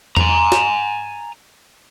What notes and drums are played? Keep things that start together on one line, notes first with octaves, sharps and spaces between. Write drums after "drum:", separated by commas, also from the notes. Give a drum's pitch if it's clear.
G#5 A#5, drum: tom E2
drum: snare